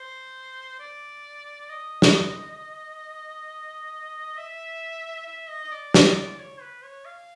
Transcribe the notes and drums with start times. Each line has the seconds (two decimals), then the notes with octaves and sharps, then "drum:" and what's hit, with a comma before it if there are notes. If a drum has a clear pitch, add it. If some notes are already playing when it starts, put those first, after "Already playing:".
Already playing: C5
0.80 D5
1.69 D#5
2.02 drum: snare
4.38 E5
5.27 E5
5.49 D#5
5.64 D#5
5.72 D5
5.94 D#5, drum: snare
6.17 D5
6.39 C#5
6.61 B4
6.84 C#5
7.05 F5